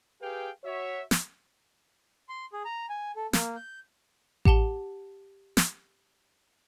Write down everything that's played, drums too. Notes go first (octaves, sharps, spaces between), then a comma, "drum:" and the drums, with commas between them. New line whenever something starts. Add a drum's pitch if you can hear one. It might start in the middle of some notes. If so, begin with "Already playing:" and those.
G4 G#4 B4 F5 G5
F#4 C#5 E5
drum: snare
C6
G#4
A#5
G#5
A4
A#3, drum: snare
G6
G4 F#5 A5 G7, drum: kick A1
drum: snare